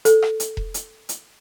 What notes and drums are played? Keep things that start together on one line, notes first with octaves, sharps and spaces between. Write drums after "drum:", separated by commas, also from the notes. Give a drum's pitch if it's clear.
A4, drum: hi-hat
drum: rim click
drum: hi-hat
drum: kick E1
drum: hi-hat
drum: hi-hat